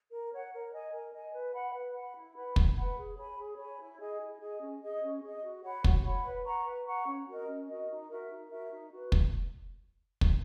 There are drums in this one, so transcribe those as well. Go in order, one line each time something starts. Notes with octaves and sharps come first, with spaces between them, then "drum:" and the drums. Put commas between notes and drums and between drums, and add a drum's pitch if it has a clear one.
A#4
C#5 F#5
A#4
D#5 G#5
A#4
D#5 G#5
B4
F#5 B5
B4
F#5 B5
E4
B4 F#5 B5
E4, drum: kick
B4 F#5 B5
G#4
C#5 G#5 B5
G#4
C#5 G#5 B5
E4
G#4 D#5 G#5
E4
G#4 D#5 G#5
C#4
G#4 D#5
C#4
G#4 D#5
F#4
C#5 F#5 B5
F#4, drum: kick
C#5 F#5 B5
B4
F#5 A#5 C#6
B4
F#5 A#5 C#6
C#4
F#4 A#4 D#5
C#4
F#4 A#4 D#5
D#4
F#4 A#4 E5
D#4
F#4 A#4 E5
D#4
F#4 B4
drum: kick
drum: kick